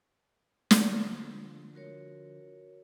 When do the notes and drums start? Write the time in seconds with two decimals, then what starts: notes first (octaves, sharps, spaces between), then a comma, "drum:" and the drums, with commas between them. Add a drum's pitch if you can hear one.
0.71 D3 F3, drum: snare
1.75 F#4 A#4 C#5